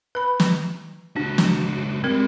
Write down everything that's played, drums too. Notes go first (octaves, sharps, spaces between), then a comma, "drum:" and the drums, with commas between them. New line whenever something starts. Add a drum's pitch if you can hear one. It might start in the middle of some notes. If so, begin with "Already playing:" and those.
B4 B5
drum: snare
C#2 D4 F#4
drum: snare
G3 G#3 C4 A#4